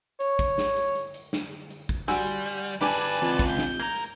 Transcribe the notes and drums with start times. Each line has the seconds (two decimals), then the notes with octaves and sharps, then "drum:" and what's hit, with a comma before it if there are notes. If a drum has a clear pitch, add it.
0.20 C#5, drum: hi-hat
0.39 drum: kick, hi-hat
0.58 drum: snare
0.77 drum: hi-hat
0.95 drum: hi-hat
1.14 drum: hi-hat
1.33 drum: snare
1.70 drum: hi-hat
1.89 drum: kick, hi-hat
2.08 G3 F#4 G#5 C6 E6, drum: snare
2.27 drum: hi-hat
2.46 drum: hi-hat
2.64 drum: hi-hat
2.81 G4 A4 B4 D5 G#5 A5 D6, drum: snare
3.02 drum: hi-hat
3.22 C#2 E3 C4 F4, drum: hi-hat
3.39 drum: kick, hi-hat
3.49 G6
3.58 drum: snare
3.80 A#3 A#4 G#6, drum: hi-hat
3.96 drum: hi-hat